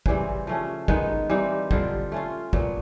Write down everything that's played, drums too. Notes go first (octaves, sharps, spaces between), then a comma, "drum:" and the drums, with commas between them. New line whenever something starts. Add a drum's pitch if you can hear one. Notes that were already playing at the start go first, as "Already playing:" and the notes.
C#3 E3 G3 C4, drum: kick
F3 A3 C#4
D#3 G#3 B3 D#4, drum: kick
E3 G3 C4 D#4
D3 G3 C4 F4, drum: kick
A3 C#4 F4
A#2 F#3 B3, drum: kick